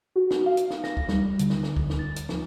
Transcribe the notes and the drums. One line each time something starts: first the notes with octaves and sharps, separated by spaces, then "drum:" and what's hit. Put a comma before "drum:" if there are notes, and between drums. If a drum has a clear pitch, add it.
F#4
drum: snare
F5
drum: hi-hat
drum: snare
A#6, drum: snare
drum: kick
G3, drum: snare
D3, drum: hi-hat
drum: snare
drum: snare
drum: kick
drum: snare
A6
drum: hi-hat
F3, drum: snare